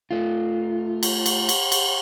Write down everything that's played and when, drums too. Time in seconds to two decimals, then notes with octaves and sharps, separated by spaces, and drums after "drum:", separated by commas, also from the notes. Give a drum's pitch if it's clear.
0.11 A3 F4
1.03 drum: cymbal
1.26 drum: cymbal
1.49 drum: cymbal
1.72 drum: cymbal